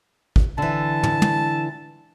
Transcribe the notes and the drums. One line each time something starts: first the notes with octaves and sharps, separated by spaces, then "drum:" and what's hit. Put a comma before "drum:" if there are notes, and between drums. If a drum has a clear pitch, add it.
drum: kick
D3 E3 A5
drum: tom
drum: tom